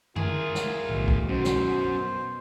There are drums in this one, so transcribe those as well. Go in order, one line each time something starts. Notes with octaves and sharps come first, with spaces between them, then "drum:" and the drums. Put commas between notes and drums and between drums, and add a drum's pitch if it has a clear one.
E4 F4 G#4 A#4, drum: tom F#2
drum: snare
B1 A2 D#3
drum: kick
F#2 B2 F#4 C5
drum: snare